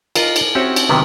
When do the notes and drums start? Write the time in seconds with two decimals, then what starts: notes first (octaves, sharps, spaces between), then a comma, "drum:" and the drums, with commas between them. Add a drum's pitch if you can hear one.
0.16 F4 A#4 D#5, drum: cymbal
0.36 drum: cymbal
0.55 C4 C#4 F#4 G4 C#5 E5
0.76 drum: cymbal
0.89 C3 D#3 F#3 B3